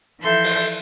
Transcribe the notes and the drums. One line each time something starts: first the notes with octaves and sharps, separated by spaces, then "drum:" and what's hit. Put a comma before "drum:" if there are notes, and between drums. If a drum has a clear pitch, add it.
E3 F3 A4 E5 C6 G6
drum: open hi-hat